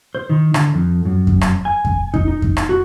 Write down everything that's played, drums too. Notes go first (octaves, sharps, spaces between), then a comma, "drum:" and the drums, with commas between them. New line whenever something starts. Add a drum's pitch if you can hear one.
C5
D#3
D3, drum: rim click
F2
F#2
drum: kick F2
drum: rim click
G#5
drum: kick F2
D#4, drum: kick F2
D#4
drum: kick F2
drum: rim click
F#4